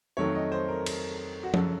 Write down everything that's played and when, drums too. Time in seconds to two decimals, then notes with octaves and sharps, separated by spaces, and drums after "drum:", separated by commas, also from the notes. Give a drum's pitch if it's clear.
0.17 F2 D#3 F#3 A3 C#5
0.35 D#5
0.52 C5
0.68 A#4
0.86 A#4, drum: cymbal
1.43 F#4
1.54 F#2 C#3 F#3 A4, drum: tom F3